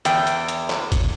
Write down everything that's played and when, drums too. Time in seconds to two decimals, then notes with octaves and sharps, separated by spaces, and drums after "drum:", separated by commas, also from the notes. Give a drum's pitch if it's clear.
0.05 E2 G5, drum: hi-hat
0.27 drum: hi-hat
0.48 drum: hi-hat
0.70 drum: clap
0.92 drum: kick, hi-hat